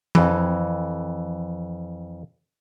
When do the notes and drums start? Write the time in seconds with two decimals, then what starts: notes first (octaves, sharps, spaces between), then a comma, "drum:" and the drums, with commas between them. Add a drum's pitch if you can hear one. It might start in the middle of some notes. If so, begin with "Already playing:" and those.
0.15 F2 E3, drum: tom E3